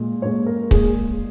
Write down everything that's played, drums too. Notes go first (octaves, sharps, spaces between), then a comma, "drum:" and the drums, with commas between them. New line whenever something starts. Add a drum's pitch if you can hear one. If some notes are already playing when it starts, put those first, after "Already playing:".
Already playing: A#2 G#3
A#2 G#3 C#5
A#4
A#2 G#3 G#4, drum: kick C#1